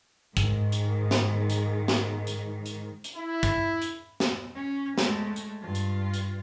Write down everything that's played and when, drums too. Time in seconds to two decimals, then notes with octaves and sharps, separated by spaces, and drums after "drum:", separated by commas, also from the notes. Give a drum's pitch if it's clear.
0.37 G#2 D#3, drum: kick, hi-hat
0.72 drum: hi-hat
1.11 drum: snare
1.50 drum: hi-hat
1.88 drum: snare
2.27 drum: hi-hat
2.66 drum: hi-hat
3.04 drum: hi-hat
3.15 E4
3.43 drum: kick, hi-hat
3.82 drum: hi-hat
4.20 drum: snare
4.55 C#4
4.98 G#3 A3, drum: snare
5.36 drum: hi-hat
5.61 G2 F4
5.75 drum: hi-hat
6.14 drum: hi-hat